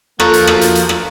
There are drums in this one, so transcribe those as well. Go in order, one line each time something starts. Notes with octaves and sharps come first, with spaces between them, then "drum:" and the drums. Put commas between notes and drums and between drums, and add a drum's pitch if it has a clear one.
F3 A#3 F#4 A4 F5 A#5 C#6 F#6, drum: rim click
drum: hi-hat
drum: rim click
drum: hi-hat
drum: hi-hat
drum: rim click